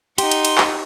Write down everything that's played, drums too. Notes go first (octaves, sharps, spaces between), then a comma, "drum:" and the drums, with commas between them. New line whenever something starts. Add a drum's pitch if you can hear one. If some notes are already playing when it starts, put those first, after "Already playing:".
D#4 G4 F#5 C6, drum: cymbal
drum: cymbal
drum: cymbal
drum: clap